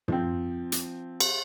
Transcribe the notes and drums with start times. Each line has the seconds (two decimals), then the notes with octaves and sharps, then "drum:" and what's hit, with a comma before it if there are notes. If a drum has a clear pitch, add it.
0.08 F3 C4, drum: tom
0.72 drum: hi-hat
1.20 drum: cymbal